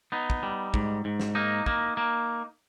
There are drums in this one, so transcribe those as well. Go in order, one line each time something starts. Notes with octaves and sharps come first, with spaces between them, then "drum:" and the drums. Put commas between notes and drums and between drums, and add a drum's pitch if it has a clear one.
B3 D#4
drum: kick
G3
G#2, drum: kick
G#2
drum: snare
A#3 D#4
A#3, drum: kick
A#3